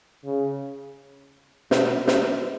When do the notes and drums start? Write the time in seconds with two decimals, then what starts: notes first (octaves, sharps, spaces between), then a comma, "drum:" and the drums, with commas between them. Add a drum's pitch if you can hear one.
0.25 C#3
1.71 B2, drum: snare
2.07 drum: snare